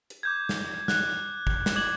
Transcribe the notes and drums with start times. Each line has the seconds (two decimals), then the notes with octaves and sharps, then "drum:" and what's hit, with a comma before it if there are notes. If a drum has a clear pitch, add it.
0.10 drum: hi-hat
0.23 D6 G6 G#6
0.49 drum: snare
0.88 F#6, drum: snare
1.47 drum: kick
1.66 drum: snare
1.76 D6 G#6 F#7